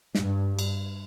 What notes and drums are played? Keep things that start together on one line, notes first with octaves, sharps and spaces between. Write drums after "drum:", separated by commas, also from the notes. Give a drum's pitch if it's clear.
G2, drum: snare
drum: cymbal